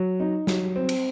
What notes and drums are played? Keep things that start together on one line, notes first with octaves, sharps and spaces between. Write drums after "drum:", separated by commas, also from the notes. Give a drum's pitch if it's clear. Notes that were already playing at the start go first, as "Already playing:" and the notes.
Already playing: F#3
D#4
F#3, drum: snare
C4
drum: cymbal